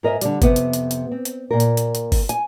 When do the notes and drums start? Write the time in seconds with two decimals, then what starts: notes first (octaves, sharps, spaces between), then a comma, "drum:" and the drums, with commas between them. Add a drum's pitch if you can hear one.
0.03 G#2 A#4 D#5 E5
0.21 D3 G3, drum: hi-hat
0.42 F2 C3 B3, drum: kick G1, hi-hat
0.56 drum: hi-hat
0.73 drum: hi-hat
0.91 drum: hi-hat
1.12 C4
1.25 drum: hi-hat
1.51 A#2 A#4
1.60 drum: hi-hat
1.77 drum: hi-hat
1.95 drum: hi-hat
2.12 drum: kick G1, open hi-hat
2.29 G#5, drum: hi-hat